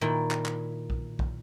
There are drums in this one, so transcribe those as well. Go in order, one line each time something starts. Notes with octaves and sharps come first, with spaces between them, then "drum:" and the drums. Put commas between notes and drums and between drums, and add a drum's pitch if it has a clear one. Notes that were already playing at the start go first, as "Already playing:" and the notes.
A#2 D#3 E4 G5 B5
drum: clap
drum: clap
drum: kick
drum: kick